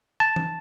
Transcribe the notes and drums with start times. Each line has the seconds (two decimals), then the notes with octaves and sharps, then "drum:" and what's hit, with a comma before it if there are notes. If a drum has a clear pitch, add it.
0.20 A5
0.36 drum: tom E3